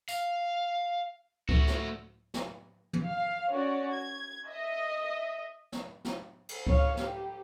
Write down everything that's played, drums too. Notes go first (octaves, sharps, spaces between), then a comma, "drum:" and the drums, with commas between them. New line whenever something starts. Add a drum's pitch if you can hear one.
F5, drum: tambourine
A3 F#4, drum: kick C#2
drum: snare
drum: snare
drum: tom
F5
C#4 F#4 D5
G#6
D#5 E5
drum: snare
drum: snare
drum: cymbal
C#5 F5, drum: kick C#2
G4, drum: snare